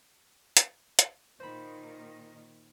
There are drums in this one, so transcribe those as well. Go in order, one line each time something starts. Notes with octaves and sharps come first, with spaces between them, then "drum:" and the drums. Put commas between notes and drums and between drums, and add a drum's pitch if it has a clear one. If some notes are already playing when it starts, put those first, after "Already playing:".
drum: hi-hat
drum: hi-hat
A#2 D#3 C5 B5